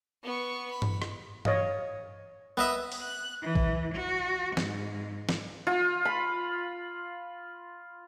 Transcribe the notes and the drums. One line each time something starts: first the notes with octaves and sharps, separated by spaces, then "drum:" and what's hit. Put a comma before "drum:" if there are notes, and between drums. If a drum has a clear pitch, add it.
B3 C#6
B5
drum: tom G2
drum: rim click
C#5 D#5 F5, drum: tom G2
B3 D#5 E5
drum: open hi-hat
F#6
E3
drum: kick
F#4
G#2, drum: snare
drum: snare
F4
B5